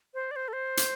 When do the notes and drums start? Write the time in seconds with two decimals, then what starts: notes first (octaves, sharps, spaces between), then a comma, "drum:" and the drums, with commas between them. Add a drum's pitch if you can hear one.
0.14 C5
0.31 D5
0.36 C5
0.48 A4
0.53 C5
0.77 drum: hi-hat